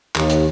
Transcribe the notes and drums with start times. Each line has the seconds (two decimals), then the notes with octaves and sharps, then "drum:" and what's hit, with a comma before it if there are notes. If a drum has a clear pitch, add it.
0.16 D#2, drum: clap
0.30 drum: hi-hat